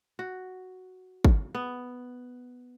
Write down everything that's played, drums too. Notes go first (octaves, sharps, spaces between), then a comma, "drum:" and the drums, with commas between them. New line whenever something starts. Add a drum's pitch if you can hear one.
F#4
drum: kick
B3